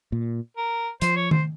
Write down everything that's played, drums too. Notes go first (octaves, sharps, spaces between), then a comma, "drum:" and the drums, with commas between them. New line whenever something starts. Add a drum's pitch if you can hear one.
A#2
A#4
F3 C5, drum: hi-hat
C#5
C5, drum: tom D#3